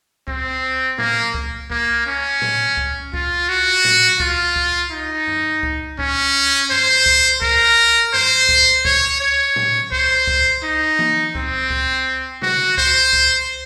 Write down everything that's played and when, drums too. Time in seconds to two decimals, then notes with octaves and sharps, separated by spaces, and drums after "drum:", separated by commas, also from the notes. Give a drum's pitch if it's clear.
0.28 C4, drum: kick C#2
0.98 A#3, drum: tom A2
1.34 drum: kick C#2
1.70 A#3, drum: kick C#2
2.06 C#4
2.42 drum: tom A2
2.77 drum: kick C#2
3.14 F4, drum: kick C#2
3.49 F#4
3.84 drum: tom A2
4.20 F4, drum: kick C#2
4.56 drum: kick C#2
4.91 D#4
5.27 drum: tom F#2
5.63 drum: kick C#2
5.99 C#4, drum: kick C#2
6.71 C5, drum: tom F#2
7.06 drum: kick C#2
7.42 A#4, drum: kick C#2
8.14 C5, drum: tom F#2
8.49 drum: kick C#2
8.85 C#5, drum: kick C#2
9.20 C#5
9.56 drum: tom A2
9.92 C5, drum: kick C#2
10.27 drum: kick C#2
10.63 D#4
10.99 drum: tom E3
11.35 C4, drum: kick C#2
11.70 drum: kick C#2
12.42 F#4, drum: tom B2
12.78 C5, drum: kick C#2
13.13 drum: kick C#2